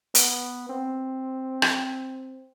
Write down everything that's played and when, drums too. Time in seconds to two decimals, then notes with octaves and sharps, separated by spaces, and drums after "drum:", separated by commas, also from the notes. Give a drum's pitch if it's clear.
0.15 B3, drum: hi-hat
0.70 C4
1.62 drum: rim click